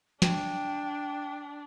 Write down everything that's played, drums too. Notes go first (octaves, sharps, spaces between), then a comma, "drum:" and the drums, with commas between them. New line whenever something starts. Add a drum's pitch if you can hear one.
D4 G5, drum: snare